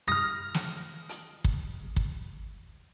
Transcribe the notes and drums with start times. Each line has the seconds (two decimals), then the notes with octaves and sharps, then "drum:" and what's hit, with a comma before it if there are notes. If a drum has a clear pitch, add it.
0.08 D#6 F6 A#6
0.54 drum: snare
1.09 drum: hi-hat
1.44 drum: kick
1.96 drum: kick